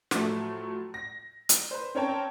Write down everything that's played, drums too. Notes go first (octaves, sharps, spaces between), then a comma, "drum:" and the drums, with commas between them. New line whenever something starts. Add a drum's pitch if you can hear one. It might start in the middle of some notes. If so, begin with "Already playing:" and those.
A2 F3 F#3 A3, drum: snare
A#6
drum: hi-hat
B4 C5
C4 C#4 A#4 C#5 G5 A5